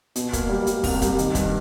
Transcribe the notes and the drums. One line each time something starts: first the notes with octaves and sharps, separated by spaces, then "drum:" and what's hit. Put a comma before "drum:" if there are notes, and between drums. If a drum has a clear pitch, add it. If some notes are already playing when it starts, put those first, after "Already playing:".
B2, drum: hi-hat
A#3, drum: kick, hi-hat
G3
G3, drum: hi-hat
C2, drum: kick, open hi-hat
G3, drum: kick, hi-hat
D#3, drum: hi-hat
G2, drum: kick, hi-hat